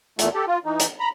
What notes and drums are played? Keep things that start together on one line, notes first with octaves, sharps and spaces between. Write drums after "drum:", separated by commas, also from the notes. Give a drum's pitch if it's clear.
E2 A#2 A3, drum: hi-hat
G4 A4
F4
E3 D#4
drum: hi-hat
A#5 B5